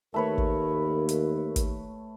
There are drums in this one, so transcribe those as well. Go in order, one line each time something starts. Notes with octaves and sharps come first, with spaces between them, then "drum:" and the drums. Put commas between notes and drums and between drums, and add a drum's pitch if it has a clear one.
D#2 A3 A#4 B4 C#5
drum: kick
drum: hi-hat
drum: kick, hi-hat